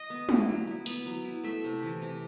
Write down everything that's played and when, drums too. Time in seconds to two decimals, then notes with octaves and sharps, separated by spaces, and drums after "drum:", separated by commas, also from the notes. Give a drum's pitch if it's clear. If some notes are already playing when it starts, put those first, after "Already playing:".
Already playing: D#5
0.10 B3
0.29 E4, drum: tom
0.49 F#3
0.67 E4
0.86 B3, drum: hi-hat
1.06 F#3
1.25 E4
1.44 A3 E5
1.64 C3
1.83 E3
2.02 C3